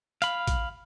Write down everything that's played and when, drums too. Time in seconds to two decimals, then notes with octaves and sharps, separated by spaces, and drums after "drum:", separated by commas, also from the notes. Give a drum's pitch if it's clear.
0.22 F5 B5, drum: hi-hat
0.47 drum: kick A1, hi-hat